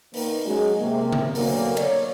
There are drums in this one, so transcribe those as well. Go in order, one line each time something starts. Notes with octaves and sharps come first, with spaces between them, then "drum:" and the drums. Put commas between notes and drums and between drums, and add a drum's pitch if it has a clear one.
D#3 A#3 B3, drum: open hi-hat
F#3 G#3 C#4 F#4 G#4
C3 A#3
drum: tom C#3
D2 B2 F#3 A#3, drum: open hi-hat
C#5 D5, drum: cymbal